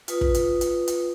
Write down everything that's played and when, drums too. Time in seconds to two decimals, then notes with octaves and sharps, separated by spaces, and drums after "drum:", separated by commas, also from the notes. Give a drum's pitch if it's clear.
0.08 F4 B4 D#6, drum: hi-hat
0.21 drum: kick
0.34 drum: hi-hat
0.61 drum: hi-hat
0.88 drum: hi-hat